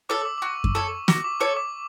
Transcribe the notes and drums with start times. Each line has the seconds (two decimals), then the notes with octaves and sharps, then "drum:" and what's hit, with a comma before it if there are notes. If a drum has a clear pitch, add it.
0.09 A4 C#5 D6
0.22 E6
0.25 D6
0.38 D6
0.42 F#4 C#6
0.64 drum: kick F#2
0.75 A4 C#5 D6
1.08 F#4 D6, drum: snare
1.24 D6
1.40 A4 C#5 D6
1.57 D6